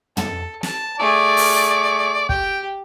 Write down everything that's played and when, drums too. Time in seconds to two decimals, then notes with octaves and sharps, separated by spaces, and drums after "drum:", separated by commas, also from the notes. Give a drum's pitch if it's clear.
0.17 A4, drum: tom
0.63 A5, drum: snare
0.99 A3 G#4 D5
1.37 drum: open hi-hat
2.29 G4 G5, drum: kick